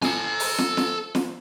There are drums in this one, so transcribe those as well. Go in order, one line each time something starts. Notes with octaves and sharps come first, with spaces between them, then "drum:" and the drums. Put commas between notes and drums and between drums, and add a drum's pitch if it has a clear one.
A4 G#5, drum: snare
drum: open hi-hat
drum: snare
drum: snare
drum: snare